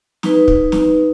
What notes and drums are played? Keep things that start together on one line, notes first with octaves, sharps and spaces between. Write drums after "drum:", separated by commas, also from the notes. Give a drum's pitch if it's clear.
D#4 B4, drum: snare
drum: kick
drum: snare